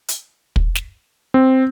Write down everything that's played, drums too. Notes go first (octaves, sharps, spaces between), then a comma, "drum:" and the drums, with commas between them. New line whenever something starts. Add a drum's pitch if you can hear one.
drum: hi-hat
drum: kick
drum: snare
C4